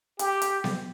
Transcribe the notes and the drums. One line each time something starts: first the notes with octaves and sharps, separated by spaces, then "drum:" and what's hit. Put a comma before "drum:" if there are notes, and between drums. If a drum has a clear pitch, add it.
G4, drum: hi-hat
drum: hi-hat
drum: snare B3